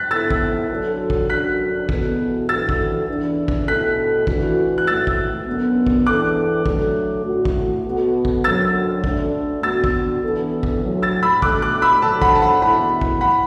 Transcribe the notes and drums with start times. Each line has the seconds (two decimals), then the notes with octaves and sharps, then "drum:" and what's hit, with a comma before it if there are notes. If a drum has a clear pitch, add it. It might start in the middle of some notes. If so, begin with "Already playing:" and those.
Already playing: F#6 A6 B6
0.11 D3 B3 E4 A4 E6 A6
0.31 drum: kick
0.70 D3 F#3 D4 F#4 A4
1.10 drum: kick
1.29 F#2 D3 F#3 D4 F#4 F#6 B6
1.89 E2 B2 B3 F#4 A4, drum: kick
2.49 E3 D4 F#4 A4 E6 A6
2.69 drum: kick
3.08 E2 E3 D4
3.48 drum: kick
3.67 B2 A3 E4 A4 F#6 B6
4.27 E3 A3 D4 F#4, drum: kick
4.78 F#6
4.87 A2 E3 A3 F#4 E6 A6
5.07 drum: kick
5.47 F#2 D3 B3
5.87 drum: kick
6.06 E2 E3 D4 A4 D6 F#6
6.66 D3 F#3 A3 D4 A4, drum: kick
7.25 A2 A3 F#4
7.45 drum: kick
7.85 B2 B3 F#4 A4
8.25 drum: kick
8.44 F#2 D3 F#3 E6 A6
9.04 D2 D3 A3 D4, drum: kick
9.63 D3 B3 F#4 E6 A6
9.84 drum: kick
10.23 E3 B3 D4 A4
10.63 drum: kick
10.83 D2 D3 F#3
11.02 E6 A6
11.23 B5 E6
11.42 B2 A3 D4 A4 D6 F#6, drum: kick
11.62 D6 F#6
11.82 B5 E6
12.02 D3 F#3 D4 A4 A5
12.22 F#5 B5, drum: kick
12.35 A5
12.42 F#5 B5
12.61 E2 B2 A3 E4 F#5 B5
13.01 drum: kick
13.21 F#5 B5